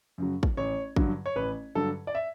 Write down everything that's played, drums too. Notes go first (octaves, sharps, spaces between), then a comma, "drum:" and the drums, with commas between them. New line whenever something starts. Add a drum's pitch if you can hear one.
F#2 C#3 F#3
drum: kick
A1 C#5
G2 D3 F#3, drum: kick
C#5
A1 B4
G2 D3 F#3 A4
D5
E5